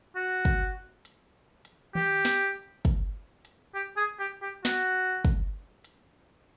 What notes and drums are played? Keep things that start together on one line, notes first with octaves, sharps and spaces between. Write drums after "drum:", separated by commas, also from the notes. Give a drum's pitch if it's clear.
F#4
drum: kick, hi-hat
drum: hi-hat
drum: hi-hat
G4, drum: tom D#3
drum: snare
drum: kick, hi-hat
drum: hi-hat
G4
G#4
G4
G4
F#4, drum: snare
drum: kick, hi-hat
drum: hi-hat